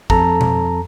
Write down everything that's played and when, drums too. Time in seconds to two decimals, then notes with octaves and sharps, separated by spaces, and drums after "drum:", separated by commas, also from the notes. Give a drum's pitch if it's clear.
0.10 F2 A4 A5 A#5, drum: kick
0.41 drum: tom B2